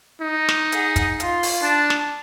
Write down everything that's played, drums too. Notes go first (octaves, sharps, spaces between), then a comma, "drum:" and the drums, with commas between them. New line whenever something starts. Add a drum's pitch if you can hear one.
D#4
drum: snare
G#4 F#5, drum: hi-hat
drum: kick, hi-hat
F4, drum: hi-hat
drum: open hi-hat
D4 A5
drum: snare